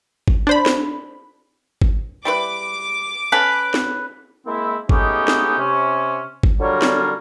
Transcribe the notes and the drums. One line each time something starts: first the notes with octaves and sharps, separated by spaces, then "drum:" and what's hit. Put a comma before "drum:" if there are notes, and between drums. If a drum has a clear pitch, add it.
drum: kick
D4 C5 B5
drum: snare
drum: kick
G3 E4 B4 D6
C#4 A4 B4 F5
drum: snare
G#3 A#3 C4 E4
G#3 A3 B3 C#4 D#4 G4, drum: kick
drum: snare
C3 C#4
drum: kick
D3 F#3 G3 F4 A#4 C#5
drum: snare